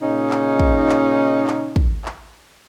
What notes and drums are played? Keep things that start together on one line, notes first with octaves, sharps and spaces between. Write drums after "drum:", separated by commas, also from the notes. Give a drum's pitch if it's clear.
A#2 C#3 C#4 D#4
drum: clap
drum: kick
drum: clap
drum: clap
drum: kick
drum: clap